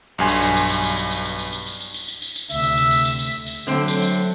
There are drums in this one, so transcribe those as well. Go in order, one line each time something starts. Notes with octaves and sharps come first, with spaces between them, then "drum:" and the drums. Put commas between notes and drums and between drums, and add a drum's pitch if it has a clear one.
B1 G2 G#5 C6
drum: tambourine
drum: tambourine
drum: tambourine
drum: tambourine
drum: tambourine
drum: tambourine
drum: tambourine
drum: tambourine
drum: tambourine
drum: tambourine
drum: tambourine
drum: tambourine
drum: tambourine
drum: tambourine
drum: tambourine
drum: tambourine
D2 C3 E5, drum: tambourine
drum: tambourine
drum: tambourine
drum: tambourine
drum: tambourine
drum: tambourine
drum: tambourine
D3 F#3 A3 C4
drum: tambourine
drum: tambourine